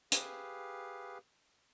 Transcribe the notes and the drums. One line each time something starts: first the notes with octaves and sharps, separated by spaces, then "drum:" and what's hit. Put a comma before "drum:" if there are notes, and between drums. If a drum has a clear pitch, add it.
G4 G#4 B4 F5, drum: hi-hat